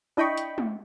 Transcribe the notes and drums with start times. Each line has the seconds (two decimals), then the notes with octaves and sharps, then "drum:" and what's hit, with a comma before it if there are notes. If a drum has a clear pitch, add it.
0.17 D4 E4 D#5 G5 B5 C#6
0.38 drum: hi-hat
0.58 drum: tom G#3